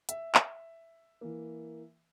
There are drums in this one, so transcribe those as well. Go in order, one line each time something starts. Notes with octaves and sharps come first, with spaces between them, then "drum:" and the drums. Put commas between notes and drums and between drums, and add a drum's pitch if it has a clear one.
E5, drum: hi-hat
drum: clap
E3 A#3